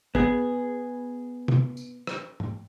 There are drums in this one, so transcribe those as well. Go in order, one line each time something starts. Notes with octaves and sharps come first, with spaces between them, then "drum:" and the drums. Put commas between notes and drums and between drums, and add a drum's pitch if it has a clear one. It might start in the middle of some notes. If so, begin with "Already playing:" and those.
B3 G#4, drum: kick
drum: tom
drum: tambourine
drum: rim click
drum: tom